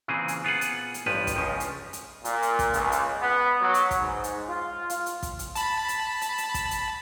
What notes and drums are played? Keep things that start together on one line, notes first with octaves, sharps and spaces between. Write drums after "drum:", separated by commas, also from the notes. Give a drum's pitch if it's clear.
A#2 C#3 E3 C4 G#4
drum: hi-hat
B3 F4 G#4 F#5
drum: hi-hat
drum: hi-hat
A1 G2 F3 B4
drum: kick, hi-hat
C#2 C#3 F3
drum: hi-hat
drum: hi-hat
A#2, drum: hi-hat
drum: hi-hat
drum: kick, hi-hat
C#2, drum: hi-hat
drum: hi-hat
B3
F#3
drum: hi-hat
drum: kick, hi-hat
G#2
drum: hi-hat
F4
drum: hi-hat
drum: hi-hat
drum: kick, hi-hat
drum: hi-hat
A5 B5, drum: hi-hat
drum: hi-hat
drum: hi-hat
drum: hi-hat
drum: kick, hi-hat
drum: hi-hat